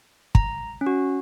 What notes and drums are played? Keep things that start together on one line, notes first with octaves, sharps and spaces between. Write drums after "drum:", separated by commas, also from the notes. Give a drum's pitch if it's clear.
A#5, drum: kick
C#4
F#4